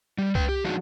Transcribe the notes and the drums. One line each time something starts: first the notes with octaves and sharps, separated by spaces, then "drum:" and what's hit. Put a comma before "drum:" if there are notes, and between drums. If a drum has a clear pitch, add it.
G3
B4 G5, drum: kick C2
G4
F3 F#3 G#3 D4 D#4 F#4